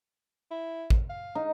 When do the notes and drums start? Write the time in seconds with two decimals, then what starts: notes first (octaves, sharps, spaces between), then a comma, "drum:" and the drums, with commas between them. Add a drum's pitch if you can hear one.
0.51 E4
0.90 drum: kick
1.10 F5
1.35 D#4